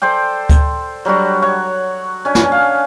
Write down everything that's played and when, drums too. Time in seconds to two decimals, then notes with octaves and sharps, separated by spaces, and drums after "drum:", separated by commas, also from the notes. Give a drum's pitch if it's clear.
0.02 A4 C5 D5 G5
0.50 drum: kick D2, hi-hat
1.05 F#3 G3 D4 F#4
1.42 C#5 F#5
2.25 C#4 D4 G#5
2.35 drum: snare
2.52 F5 F#5